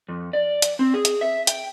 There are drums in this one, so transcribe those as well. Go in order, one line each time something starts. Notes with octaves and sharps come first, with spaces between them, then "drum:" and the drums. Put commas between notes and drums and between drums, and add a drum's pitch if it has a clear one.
F2
D5
drum: hi-hat
C4
G#4
drum: hi-hat
E5
G5, drum: hi-hat